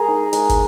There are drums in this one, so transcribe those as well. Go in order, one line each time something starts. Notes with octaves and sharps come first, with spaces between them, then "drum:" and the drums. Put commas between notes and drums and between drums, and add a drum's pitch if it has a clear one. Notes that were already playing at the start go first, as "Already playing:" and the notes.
Already playing: G#3 G#4 A#4
D#4
G#3, drum: hi-hat
drum: kick, hi-hat